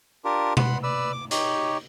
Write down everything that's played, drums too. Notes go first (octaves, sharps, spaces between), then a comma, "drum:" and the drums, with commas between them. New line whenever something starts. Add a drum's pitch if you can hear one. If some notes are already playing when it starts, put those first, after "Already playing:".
D4 F4 G4 A#4
F#5 B5 C6, drum: tom B2
B4 D5 E6
D6
D#4 G4 C#5, drum: hi-hat